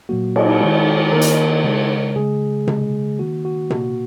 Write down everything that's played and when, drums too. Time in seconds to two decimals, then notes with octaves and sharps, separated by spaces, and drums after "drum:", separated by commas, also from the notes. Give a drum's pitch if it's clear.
0.09 A#2 F#3 A#3 F#4
0.36 drum: cymbal
0.60 D#3 G#3
1.12 D#3 A#3 A#4
1.21 drum: hi-hat
1.64 C#3 G#3
2.16 C#3 G#3 G#4
2.67 C#3 G#3, drum: tom C3
3.19 D#3 A#3 F#4
3.45 F#4
3.70 A#2 A#3 F#4, drum: tom C3